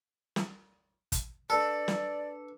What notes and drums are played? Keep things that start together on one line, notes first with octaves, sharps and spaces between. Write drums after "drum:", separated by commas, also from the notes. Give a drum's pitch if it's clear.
drum: snare
drum: kick, hi-hat
D4 A4 B4 D5
drum: snare